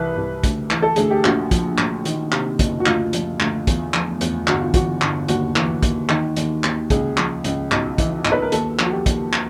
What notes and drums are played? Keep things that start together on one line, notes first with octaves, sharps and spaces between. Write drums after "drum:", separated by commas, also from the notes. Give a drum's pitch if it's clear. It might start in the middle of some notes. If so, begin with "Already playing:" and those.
Already playing: C2 E3 B4
C2
D2, drum: kick, hi-hat
E3, drum: clap
A4
D2 G#4, drum: hi-hat
G4
A#1 F#4, drum: clap
F3, drum: kick, hi-hat
A#1, drum: clap
D#3, drum: hi-hat
C3, drum: clap
F#1, drum: kick, hi-hat
F#4
D2 F4, drum: clap
F3, drum: hi-hat
D2, drum: clap
E2, drum: kick, hi-hat
F3, drum: clap
E2, drum: hi-hat
G1 F#4, drum: clap
F4
E3 F#4, drum: kick, hi-hat
G1, drum: clap
D#2 F#4, drum: hi-hat
E3, drum: clap
D#2, drum: kick, hi-hat
D#3, drum: clap
D#2, drum: hi-hat
D#2, drum: clap
C#2 G#4, drum: kick, hi-hat
F3, drum: clap
C#2, drum: hi-hat
B1, drum: clap
E3, drum: kick, hi-hat
B1, drum: clap
B4
A#4
D#2 A4, drum: hi-hat
F3, drum: clap
F#4
G4
D#2, drum: kick, hi-hat
drum: clap